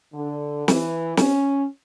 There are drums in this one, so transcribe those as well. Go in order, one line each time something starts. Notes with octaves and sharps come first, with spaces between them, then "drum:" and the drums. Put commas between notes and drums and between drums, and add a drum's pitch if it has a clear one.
D3
E3, drum: snare
C#4, drum: snare